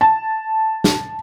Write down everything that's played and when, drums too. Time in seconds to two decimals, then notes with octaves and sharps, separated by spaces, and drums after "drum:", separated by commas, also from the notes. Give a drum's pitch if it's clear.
0.01 A5
0.84 drum: snare